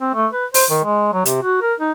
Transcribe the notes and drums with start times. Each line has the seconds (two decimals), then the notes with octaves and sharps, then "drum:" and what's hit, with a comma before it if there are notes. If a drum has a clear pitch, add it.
0.01 C4
0.15 A3
0.33 B4
0.54 C5, drum: open hi-hat
0.70 D#3
0.84 G#3
1.13 F#3
1.25 C3, drum: hi-hat
1.43 F#4
1.62 A#4
1.80 D#4